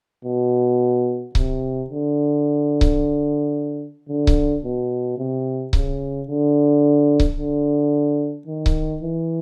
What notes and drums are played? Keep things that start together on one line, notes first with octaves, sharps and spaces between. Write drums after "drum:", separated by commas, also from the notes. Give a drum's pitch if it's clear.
B2
C3, drum: kick C#1
D3
drum: kick C#1
D3
drum: kick C#1
B2
C3
C#3, drum: kick C#1
D3
drum: kick C#1
D3
D#3
drum: kick C#1
E3